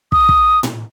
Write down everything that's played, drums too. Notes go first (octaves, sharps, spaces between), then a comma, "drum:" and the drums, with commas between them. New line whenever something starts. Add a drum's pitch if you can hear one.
D#6, drum: kick
drum: kick
drum: tom A2